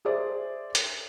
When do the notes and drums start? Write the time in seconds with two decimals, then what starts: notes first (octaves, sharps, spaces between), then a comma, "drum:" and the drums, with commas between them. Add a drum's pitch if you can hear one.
0.05 G#4 C5 D5 E5
0.75 drum: hi-hat